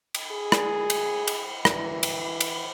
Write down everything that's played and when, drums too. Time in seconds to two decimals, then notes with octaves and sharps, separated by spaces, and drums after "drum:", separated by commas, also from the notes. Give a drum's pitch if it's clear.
0.15 drum: cymbal
0.32 G#4
0.52 drum: rim click
0.90 drum: cymbal
1.28 drum: cymbal
1.65 E3, drum: rim click
2.03 drum: cymbal
2.41 drum: cymbal